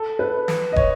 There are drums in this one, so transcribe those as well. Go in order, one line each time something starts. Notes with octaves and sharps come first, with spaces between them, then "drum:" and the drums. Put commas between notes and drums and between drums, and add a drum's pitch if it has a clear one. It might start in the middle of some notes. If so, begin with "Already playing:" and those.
Already playing: A4
B4
drum: snare
D#5
C#5, drum: kick